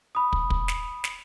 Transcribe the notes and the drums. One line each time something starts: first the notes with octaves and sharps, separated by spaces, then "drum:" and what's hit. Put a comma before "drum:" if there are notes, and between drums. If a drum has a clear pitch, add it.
B5 D#6
drum: kick
drum: kick
drum: snare
drum: snare